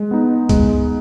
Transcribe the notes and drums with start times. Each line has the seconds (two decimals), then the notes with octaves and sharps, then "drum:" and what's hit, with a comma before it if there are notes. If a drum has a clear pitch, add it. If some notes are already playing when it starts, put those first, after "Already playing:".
Already playing: G#3
0.11 B3 D#4
0.49 G#3, drum: kick, hi-hat